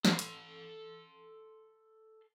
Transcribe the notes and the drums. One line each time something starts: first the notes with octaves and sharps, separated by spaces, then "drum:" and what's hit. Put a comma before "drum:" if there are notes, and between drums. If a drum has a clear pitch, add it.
A4 C6, drum: snare
drum: hi-hat